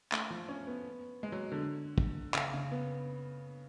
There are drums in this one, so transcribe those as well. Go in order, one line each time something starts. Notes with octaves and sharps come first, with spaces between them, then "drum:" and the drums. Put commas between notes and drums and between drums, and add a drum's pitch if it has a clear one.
A3, drum: clap
F3
C#4
B3
G#3
F#3
D3
drum: kick
C#3, drum: clap
C#3
B3